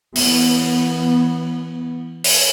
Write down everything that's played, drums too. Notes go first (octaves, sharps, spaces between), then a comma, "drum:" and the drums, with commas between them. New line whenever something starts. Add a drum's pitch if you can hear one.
E3 B3, drum: open hi-hat
drum: open hi-hat